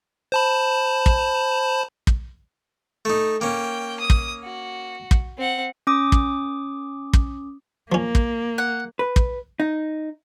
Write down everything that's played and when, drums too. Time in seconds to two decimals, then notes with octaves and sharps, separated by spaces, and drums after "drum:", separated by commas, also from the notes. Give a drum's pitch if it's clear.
0.32 C5 A5 B5
1.06 drum: kick
2.07 drum: kick
3.05 A3 D#4
3.41 A#3 C#4 G5
4.00 D#6
4.10 drum: kick
4.44 F#4
5.11 drum: kick
5.38 C4 F#5
5.87 C#4 D6 D#6
6.12 drum: kick
7.13 drum: kick
7.92 F3 A#3 C#4
8.15 drum: kick
8.58 F#5
8.99 B4
9.16 drum: kick
9.60 D#4